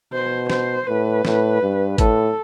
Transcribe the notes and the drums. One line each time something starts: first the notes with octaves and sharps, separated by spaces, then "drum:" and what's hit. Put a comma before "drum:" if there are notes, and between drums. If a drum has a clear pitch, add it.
B2 C5
C5, drum: snare
A2 B4
A2, drum: snare
G2
A2 A4, drum: kick G#1, hi-hat